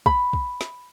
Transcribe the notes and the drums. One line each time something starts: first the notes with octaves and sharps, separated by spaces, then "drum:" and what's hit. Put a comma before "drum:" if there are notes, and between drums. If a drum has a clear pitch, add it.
B5, drum: kick
drum: kick
drum: snare